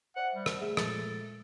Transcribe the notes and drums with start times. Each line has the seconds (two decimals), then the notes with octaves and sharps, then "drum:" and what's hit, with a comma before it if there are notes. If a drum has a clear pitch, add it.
0.16 C5 D5 E5 F#5
0.35 G3
0.46 drum: rim click
0.61 A3 G#4 E5
0.77 A#2 F3 G#3 A4, drum: rim click